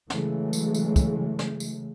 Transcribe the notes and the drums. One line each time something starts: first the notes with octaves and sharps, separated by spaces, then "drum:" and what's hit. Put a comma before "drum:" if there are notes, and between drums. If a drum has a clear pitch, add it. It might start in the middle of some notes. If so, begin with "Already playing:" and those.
C#3 E3 F#3 G#3 A3, drum: snare
drum: tambourine
drum: tambourine
drum: kick, tambourine
drum: snare
drum: tambourine